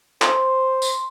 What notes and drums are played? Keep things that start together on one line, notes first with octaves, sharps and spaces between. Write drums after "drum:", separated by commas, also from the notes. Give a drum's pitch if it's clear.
C5 C6, drum: clap
drum: tambourine